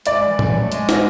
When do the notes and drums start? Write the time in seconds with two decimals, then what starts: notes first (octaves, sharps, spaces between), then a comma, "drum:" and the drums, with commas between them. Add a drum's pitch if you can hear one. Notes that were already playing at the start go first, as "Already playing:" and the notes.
0.06 G#3 D5, drum: hi-hat
0.27 E3
0.39 drum: tom A2
0.51 F#3
0.62 A3
0.72 G#3, drum: hi-hat
0.89 drum: snare